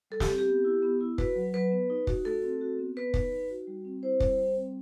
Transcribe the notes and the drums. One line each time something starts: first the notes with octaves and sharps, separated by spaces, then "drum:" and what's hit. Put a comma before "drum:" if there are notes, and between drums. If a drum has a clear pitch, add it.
G3 A4
G4, drum: snare
C4
G4
B3
E4
B3
E4
F#4 B4, drum: kick
F#3
F#3 B4
B3
D#4
F#4, drum: kick
A3 A4
C4
F#4
B3
B3 B4
D#4, drum: kick
D#4
F#4
G3
C4
E4 C5
G3, drum: kick
G3
C4